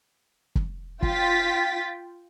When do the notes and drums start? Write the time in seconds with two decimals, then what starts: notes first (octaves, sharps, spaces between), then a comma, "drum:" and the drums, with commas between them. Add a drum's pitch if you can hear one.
0.55 drum: kick
1.02 F4 G5 A6 B6, drum: kick